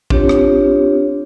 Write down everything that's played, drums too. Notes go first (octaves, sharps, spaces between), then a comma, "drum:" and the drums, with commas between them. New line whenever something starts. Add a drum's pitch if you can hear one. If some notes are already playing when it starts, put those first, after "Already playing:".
C4 D4 F4 G4 C#5, drum: kick A1
drum: rim click